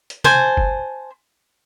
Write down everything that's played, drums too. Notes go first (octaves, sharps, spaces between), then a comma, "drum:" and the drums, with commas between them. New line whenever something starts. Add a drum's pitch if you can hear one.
drum: hi-hat
C5 G#5 A5, drum: tom C3
drum: kick G1